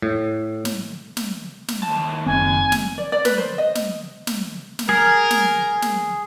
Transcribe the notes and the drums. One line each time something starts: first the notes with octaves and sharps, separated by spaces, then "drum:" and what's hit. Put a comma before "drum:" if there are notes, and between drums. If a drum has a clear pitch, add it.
A2
drum: snare
drum: snare
drum: snare
D#2 A5
F#1 C4 G#5
drum: snare
D5
D5
B4, drum: snare
C5
D#5
drum: snare
drum: snare
drum: snare
G#4 A#4
drum: snare
drum: snare